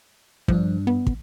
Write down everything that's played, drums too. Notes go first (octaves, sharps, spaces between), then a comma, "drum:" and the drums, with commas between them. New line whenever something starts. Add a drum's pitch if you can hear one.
G2 F3 D4, drum: kick
B3
drum: kick